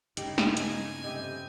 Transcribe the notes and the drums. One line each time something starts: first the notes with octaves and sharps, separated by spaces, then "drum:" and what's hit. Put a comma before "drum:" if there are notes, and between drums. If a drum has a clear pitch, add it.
G2 C#3 D#4 G4, drum: hi-hat
drum: snare
G#5, drum: hi-hat
F2 C3 D#5 G5